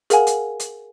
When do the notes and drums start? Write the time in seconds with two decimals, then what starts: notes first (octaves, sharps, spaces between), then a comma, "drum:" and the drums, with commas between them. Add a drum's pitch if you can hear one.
0.10 G#4 A#4 F5 F#5 G#5, drum: hi-hat
0.27 drum: hi-hat
0.60 drum: hi-hat